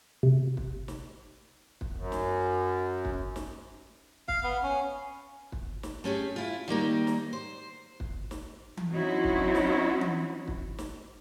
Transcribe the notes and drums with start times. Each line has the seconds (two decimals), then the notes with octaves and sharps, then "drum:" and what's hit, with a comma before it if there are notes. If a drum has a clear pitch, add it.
0.23 C3
0.57 drum: kick
0.88 drum: snare
1.81 drum: kick
1.96 F#2
2.12 drum: snare
3.05 drum: kick
3.36 drum: snare
4.28 F5, drum: kick
4.43 B3
4.63 C#4
5.52 drum: kick
5.83 drum: snare
6.04 A3 C#4 G4 G#4
6.36 E4 F4
6.68 D#3 G3 A#3 D#4
7.07 drum: snare
7.33 C5
8.00 drum: kick
8.31 drum: snare
8.77 drum: tom E3
8.90 F#3 C4 C#4 D#4 E4 F#4
9.24 drum: kick
9.55 drum: snare
10.01 drum: tom E3
10.48 drum: kick
10.78 drum: snare